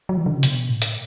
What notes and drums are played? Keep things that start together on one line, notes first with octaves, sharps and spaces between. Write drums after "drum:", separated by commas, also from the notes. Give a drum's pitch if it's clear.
F#3
E3
D3
C#3
B2, drum: hi-hat
A2
drum: hi-hat